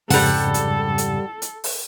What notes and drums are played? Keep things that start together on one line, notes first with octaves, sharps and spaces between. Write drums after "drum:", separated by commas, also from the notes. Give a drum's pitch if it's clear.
F2 G#2 C#3 G3 A4 F#5, drum: open hi-hat
drum: hi-hat
drum: hi-hat
drum: hi-hat
drum: open hi-hat